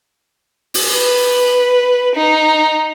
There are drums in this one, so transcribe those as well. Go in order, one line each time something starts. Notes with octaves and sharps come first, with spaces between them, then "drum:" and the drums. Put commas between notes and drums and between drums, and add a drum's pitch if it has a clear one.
drum: open hi-hat
B4
D#4